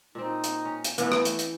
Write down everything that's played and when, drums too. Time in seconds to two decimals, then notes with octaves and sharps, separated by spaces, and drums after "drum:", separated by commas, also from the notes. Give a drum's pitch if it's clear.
0.15 A#2 C4 D#4
0.44 drum: hi-hat
0.65 C#4
0.84 drum: hi-hat
0.98 E3 A3 B3, drum: hi-hat
1.12 drum: rim click
1.25 drum: hi-hat
1.39 drum: hi-hat